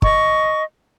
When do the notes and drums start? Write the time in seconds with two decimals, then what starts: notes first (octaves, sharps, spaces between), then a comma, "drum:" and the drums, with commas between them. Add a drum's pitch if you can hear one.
0.02 D#5 C#6, drum: kick